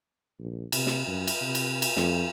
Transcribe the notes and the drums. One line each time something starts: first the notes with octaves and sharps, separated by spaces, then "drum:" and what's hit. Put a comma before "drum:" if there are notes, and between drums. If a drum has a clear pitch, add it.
A#1
C3, drum: cymbal
drum: snare
F#2
drum: cymbal
C3
drum: cymbal
drum: cymbal
F2, drum: snare